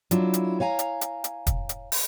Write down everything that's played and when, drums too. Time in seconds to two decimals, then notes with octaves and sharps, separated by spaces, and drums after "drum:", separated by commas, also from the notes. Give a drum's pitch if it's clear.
0.11 F#3 D4 E4 F4, drum: hi-hat
0.34 drum: hi-hat
0.60 C#5 F5 G#5 A#5
0.79 drum: hi-hat
1.01 drum: hi-hat
1.24 drum: hi-hat
1.47 drum: kick, hi-hat
1.69 drum: hi-hat
1.92 drum: open hi-hat